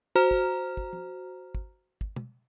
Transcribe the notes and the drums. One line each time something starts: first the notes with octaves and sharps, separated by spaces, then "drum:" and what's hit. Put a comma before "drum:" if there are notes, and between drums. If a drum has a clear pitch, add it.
F#4 C5 A#5 F6
drum: kick
drum: kick
drum: tom
drum: kick
drum: kick
drum: tom B2